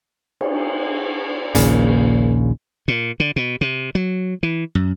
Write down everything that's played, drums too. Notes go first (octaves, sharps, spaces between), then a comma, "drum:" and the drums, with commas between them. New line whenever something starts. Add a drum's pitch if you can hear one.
drum: cymbal
A#1 D#2 A#2 C#3, drum: hi-hat
A#2
D3
B2
C3
F#3
E3
F#2